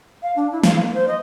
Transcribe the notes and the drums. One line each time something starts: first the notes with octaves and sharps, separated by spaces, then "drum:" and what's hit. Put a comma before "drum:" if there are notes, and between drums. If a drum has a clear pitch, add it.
F5
D4
E4
F5, drum: snare
A#3
C5
D#5